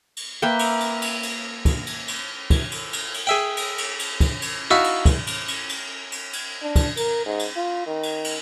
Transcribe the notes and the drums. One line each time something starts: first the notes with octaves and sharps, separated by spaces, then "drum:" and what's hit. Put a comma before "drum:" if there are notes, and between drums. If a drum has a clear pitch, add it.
drum: cymbal
A#3 B4 E5 G5
drum: cymbal
drum: cymbal
drum: cymbal
drum: cymbal
drum: kick, cymbal
drum: cymbal
drum: cymbal
drum: kick, cymbal
drum: cymbal
drum: cymbal
drum: cymbal
G#4 E5 G5
drum: cymbal
drum: cymbal
drum: cymbal
drum: kick, cymbal
drum: cymbal
D#4 E4 F#4 E5 F5 A5
drum: cymbal
drum: kick, cymbal
drum: cymbal
drum: cymbal
drum: cymbal
drum: cymbal
drum: cymbal
D4
drum: kick, cymbal
A#4, drum: cymbal
G#2
drum: cymbal
F4
D#3
drum: cymbal
drum: cymbal